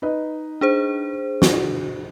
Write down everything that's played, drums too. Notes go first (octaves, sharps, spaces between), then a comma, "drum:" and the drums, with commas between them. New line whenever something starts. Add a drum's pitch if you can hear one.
D#4 B4 D#5
D4 G#4 C5
F#4, drum: snare